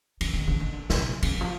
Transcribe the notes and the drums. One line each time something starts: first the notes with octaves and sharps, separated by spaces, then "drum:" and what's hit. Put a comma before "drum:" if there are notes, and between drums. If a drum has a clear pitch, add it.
D3, drum: cymbal
D#3
D3
D#3
D3
C3, drum: snare
C#3, drum: cymbal
D#3
F3